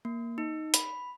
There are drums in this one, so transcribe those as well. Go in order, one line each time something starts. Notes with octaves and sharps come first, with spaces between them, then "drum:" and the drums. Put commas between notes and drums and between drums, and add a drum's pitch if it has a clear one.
A#3
D#4
B5, drum: hi-hat